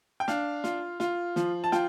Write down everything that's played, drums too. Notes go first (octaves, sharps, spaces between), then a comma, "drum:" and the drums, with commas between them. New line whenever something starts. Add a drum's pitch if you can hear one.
G5
D4 F5, drum: snare
F4, drum: snare
F4, drum: snare
F3, drum: snare
A5
F4 G5, drum: snare